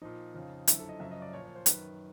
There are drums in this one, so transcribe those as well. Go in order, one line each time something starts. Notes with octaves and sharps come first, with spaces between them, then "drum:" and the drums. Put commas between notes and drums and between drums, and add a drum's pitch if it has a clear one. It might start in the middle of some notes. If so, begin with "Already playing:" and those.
A#2 F3 D#4
F2 C#3 F3
F#2 D3 F3 E4, drum: hi-hat
A4
D#5
F#2 C#3 F3 E5
D#5
D5
A#2 F3 C#5
C#5
C5
F#2 D#3 B4, drum: hi-hat